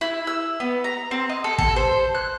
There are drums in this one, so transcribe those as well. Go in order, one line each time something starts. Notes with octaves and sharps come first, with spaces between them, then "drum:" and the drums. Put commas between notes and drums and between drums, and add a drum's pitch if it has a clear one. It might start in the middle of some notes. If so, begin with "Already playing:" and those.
E4
E6
B3
A#5
C4
D#5
A4
A4, drum: kick
C5
F#6